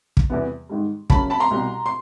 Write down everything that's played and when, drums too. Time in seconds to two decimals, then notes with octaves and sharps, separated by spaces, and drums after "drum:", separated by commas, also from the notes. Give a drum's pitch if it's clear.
0.17 drum: kick
0.30 E2 C3 E3 G3 B3
0.69 G#2 D#3 G3
1.10 F#2 C#3 F#3 A#3 C#4 A5 B5, drum: kick
1.30 A5 B5
1.40 A#5 C6
1.51 C2 B2 G3
1.86 C6